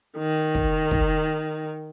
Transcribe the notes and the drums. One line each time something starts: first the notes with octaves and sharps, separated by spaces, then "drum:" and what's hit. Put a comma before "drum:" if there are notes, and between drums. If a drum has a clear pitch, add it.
D#3
drum: kick
drum: kick